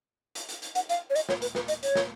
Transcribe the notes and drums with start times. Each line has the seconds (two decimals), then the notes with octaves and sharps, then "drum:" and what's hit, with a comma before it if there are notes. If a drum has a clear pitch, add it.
0.35 drum: hi-hat
0.49 drum: hi-hat
0.62 drum: hi-hat
0.75 F#5, drum: hi-hat
0.89 F5, drum: hi-hat
1.10 C#5
1.15 D#5, drum: hi-hat
1.29 C#5, drum: snare
1.42 B4, drum: hi-hat
1.55 B4, drum: snare
1.68 D#5, drum: hi-hat
1.83 C#5, drum: hi-hat
1.95 drum: snare